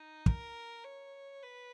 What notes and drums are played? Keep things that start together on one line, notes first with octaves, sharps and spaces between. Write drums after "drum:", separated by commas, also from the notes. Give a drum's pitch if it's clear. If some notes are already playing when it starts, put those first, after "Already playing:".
Already playing: D#4
A#4, drum: kick
C#5
B4